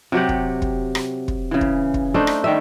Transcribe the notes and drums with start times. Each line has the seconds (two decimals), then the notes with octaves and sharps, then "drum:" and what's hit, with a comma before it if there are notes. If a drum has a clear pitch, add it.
0.12 C3 F#3 G4 F#5
0.29 drum: kick
0.62 drum: kick
0.95 drum: rim click
1.28 drum: kick
1.51 C#3 E3
1.61 drum: kick
1.94 drum: kick
2.14 A3 D4 D#4 C5
2.27 drum: rim click
2.44 D#3 G3 E5